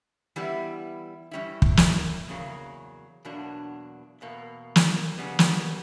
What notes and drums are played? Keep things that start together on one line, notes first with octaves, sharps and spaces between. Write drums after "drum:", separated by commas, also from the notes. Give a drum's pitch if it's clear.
E3 G3 B3 E4 G4
G2 E3 G3 C#4 E4
drum: kick
drum: snare
E2 C#3 F#3 A#3
E2 B2 F#3 A#3 D4
E2 B2 A#3
drum: snare
C#3 G3 B3
drum: snare